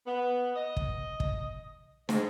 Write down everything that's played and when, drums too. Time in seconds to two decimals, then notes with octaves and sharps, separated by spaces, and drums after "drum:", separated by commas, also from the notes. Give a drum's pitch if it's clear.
0.07 B3
0.55 D#5
0.77 drum: kick
1.20 drum: kick
2.09 G#2, drum: snare